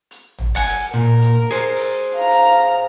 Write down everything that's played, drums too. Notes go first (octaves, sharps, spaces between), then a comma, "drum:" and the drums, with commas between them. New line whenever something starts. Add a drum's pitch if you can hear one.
drum: hi-hat
drum: tom
F#5 G#5
drum: open hi-hat
A#2 A#4
drum: hi-hat
G#4 C5
drum: open hi-hat
F5 A#5
drum: hi-hat